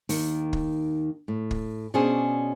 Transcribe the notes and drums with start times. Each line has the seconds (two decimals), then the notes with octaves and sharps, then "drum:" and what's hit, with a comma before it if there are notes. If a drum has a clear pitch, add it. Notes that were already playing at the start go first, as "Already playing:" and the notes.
0.09 D#2 D#3, drum: open hi-hat
0.53 drum: kick
1.28 A2
1.51 drum: kick
1.94 B2 C#4 D4 G#4 C5 G#5